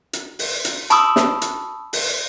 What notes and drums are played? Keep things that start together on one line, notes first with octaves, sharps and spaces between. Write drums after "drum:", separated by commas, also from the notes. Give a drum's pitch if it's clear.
drum: hi-hat
drum: open hi-hat
drum: hi-hat
A5 B5 C#6 D#6 E6, drum: hi-hat
drum: snare
drum: hi-hat
drum: open hi-hat